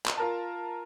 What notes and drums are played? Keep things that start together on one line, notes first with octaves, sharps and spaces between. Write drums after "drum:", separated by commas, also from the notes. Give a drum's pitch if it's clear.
drum: clap
F4 A#4 A5